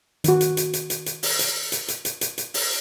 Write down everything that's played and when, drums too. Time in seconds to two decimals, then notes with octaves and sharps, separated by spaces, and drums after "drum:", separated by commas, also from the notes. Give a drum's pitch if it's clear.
0.24 D#3 F#4, drum: hi-hat
0.41 drum: hi-hat
0.57 drum: hi-hat
0.73 drum: hi-hat
0.90 drum: hi-hat
1.06 drum: hi-hat
1.23 drum: open hi-hat
1.39 drum: hi-hat
1.72 drum: hi-hat
1.88 drum: hi-hat
2.05 drum: hi-hat
2.21 drum: hi-hat
2.38 drum: hi-hat
2.54 drum: open hi-hat